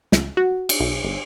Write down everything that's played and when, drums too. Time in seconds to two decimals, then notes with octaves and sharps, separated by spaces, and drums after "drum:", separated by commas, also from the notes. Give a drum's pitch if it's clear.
0.12 C#2, drum: snare
0.37 F#4
0.69 drum: cymbal
0.80 B1
1.04 G1